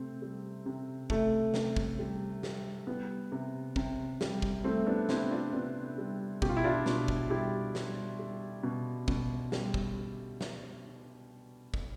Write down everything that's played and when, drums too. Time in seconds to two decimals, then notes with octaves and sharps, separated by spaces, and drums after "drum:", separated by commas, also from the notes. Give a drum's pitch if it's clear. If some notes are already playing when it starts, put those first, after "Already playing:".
Already playing: C3 A3 C4
0.22 G3
0.66 C3
1.10 C3 A3, drum: kick
1.54 C3, drum: snare
1.76 drum: kick
1.99 G3
2.43 G3, drum: snare
2.87 G3 B3
3.32 C3
3.76 C3, drum: kick
4.21 G3, drum: snare
4.42 drum: kick
4.64 G3 A3 C4
4.86 B3 D4
5.09 C3 C4 E4, drum: snare
5.31 D4 F4
5.53 C3 B3 D4
5.98 G3
6.42 B2 G4, drum: kick
6.49 F4
6.57 E4
6.64 D4 F4
6.86 B2, drum: snare
7.08 drum: kick
7.30 G3 E4 G4
7.75 G3, drum: snare
8.19 G3
8.63 B2
9.08 B2, drum: kick
9.52 G3, drum: snare
9.74 drum: kick
10.41 drum: snare
11.74 drum: kick